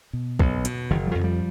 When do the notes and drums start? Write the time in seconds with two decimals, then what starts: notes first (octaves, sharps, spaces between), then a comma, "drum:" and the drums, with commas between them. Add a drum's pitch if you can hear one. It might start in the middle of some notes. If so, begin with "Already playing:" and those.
0.13 B2
0.39 B1, drum: kick
0.65 B2, drum: hi-hat
0.90 F#1 D#3 F3
1.07 F3 G3
1.15 F2 D3
1.24 F3 G3